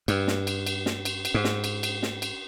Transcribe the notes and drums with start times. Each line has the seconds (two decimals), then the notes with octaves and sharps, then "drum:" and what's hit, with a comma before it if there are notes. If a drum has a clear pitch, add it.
0.08 G2, drum: cymbal
0.28 drum: snare
0.47 drum: cymbal
0.66 drum: cymbal
0.86 drum: snare
1.05 drum: cymbal
1.25 drum: cymbal
1.34 G#2
1.44 drum: snare
1.64 drum: cymbal
1.83 drum: cymbal
2.03 drum: snare
2.22 drum: cymbal